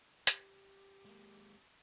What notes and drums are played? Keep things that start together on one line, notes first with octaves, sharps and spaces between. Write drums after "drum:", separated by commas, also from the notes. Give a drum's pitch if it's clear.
G4, drum: hi-hat
G#3 A#3